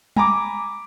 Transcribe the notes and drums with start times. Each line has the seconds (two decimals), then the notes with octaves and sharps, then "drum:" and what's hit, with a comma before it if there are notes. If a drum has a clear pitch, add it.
0.16 G#5 A#5 B5 D6, drum: tom G3